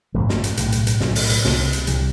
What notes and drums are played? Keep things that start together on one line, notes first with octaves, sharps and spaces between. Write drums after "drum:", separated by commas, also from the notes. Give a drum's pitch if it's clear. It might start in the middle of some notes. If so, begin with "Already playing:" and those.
A1 G2 D3 F#3 A3
drum: snare
drum: hi-hat
B1 A2, drum: hi-hat
drum: hi-hat
drum: hi-hat
B1 A2 D3 F#3, drum: snare
drum: open hi-hat
drum: hi-hat
C2 C3, drum: snare
drum: hi-hat
C2 C3 E3 G3, drum: hi-hat